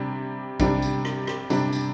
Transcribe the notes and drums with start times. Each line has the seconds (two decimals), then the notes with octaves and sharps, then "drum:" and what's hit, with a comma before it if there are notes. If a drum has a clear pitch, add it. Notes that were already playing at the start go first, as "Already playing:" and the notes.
Already playing: C3 G3 D4
0.60 C3 G3 D4, drum: kick, tambourine
0.82 drum: tambourine
1.05 drum: rim click
1.27 drum: rim click
1.50 C3 G3 D4, drum: tambourine
1.72 drum: tambourine